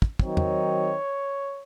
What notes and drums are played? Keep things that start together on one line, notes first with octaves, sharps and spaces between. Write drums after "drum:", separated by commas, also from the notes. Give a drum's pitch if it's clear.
drum: kick
D#3 F#3 C4 D#4 C#5, drum: kick
drum: tom